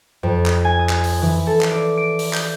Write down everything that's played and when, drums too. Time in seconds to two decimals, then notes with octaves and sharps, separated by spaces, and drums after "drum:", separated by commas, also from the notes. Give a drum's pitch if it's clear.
0.23 F2
0.46 drum: clap
0.65 G#5
0.79 D#6
0.89 drum: clap
1.04 drum: open hi-hat
1.22 E3
1.47 A4
1.61 drum: clap
1.71 D5
1.97 D7
2.19 drum: open hi-hat
2.33 G6, drum: clap